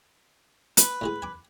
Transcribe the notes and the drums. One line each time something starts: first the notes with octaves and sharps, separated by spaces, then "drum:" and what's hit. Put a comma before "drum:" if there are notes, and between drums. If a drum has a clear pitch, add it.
B4, drum: hi-hat
A2 G#3 G#4
G#5 D6